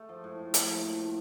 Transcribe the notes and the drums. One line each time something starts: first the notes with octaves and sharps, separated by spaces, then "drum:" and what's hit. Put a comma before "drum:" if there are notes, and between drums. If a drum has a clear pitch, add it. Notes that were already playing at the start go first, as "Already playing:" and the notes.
Already playing: A3
F3
A2
A2
F3 A#3, drum: hi-hat
F3
A2
A2